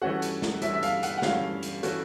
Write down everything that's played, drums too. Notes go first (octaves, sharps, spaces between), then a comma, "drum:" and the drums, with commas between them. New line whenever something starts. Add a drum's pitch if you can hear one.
G2 E3 A3 C#4 F#4 F#5
drum: hi-hat
drum: snare
G2 E3 A3 C#4 F#4 E5, drum: hi-hat
E5
F5, drum: hi-hat
F#5, drum: hi-hat
F#5
G2 E3 A3 C#4 F#4 F5, drum: snare
drum: hi-hat
E3 A3 C#4 F#4, drum: hi-hat